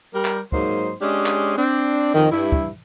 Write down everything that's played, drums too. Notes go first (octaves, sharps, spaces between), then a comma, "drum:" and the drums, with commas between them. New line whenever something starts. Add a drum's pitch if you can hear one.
G3 A#4
drum: clap
G#2 F#3 A#3 D#4 C5, drum: kick
G#3 C#4 D4 G4 D#5
drum: clap
C4 D4
F2 D#3
G2 E4
drum: kick